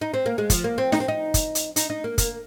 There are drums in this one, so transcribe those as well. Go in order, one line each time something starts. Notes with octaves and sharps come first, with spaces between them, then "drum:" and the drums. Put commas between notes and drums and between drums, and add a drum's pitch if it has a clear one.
D#4
C4
A#3
G#3
F3, drum: kick, hi-hat
A#3
C4
D#4, drum: snare
C4
D#4
drum: kick, hi-hat
drum: hi-hat
D#4, drum: hi-hat
D#4
A#3
A#3, drum: kick, hi-hat